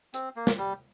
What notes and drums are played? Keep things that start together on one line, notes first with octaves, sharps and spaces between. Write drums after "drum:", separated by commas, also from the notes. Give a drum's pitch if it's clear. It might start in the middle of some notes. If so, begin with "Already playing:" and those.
C4, drum: hi-hat
A#3
drum: snare
G3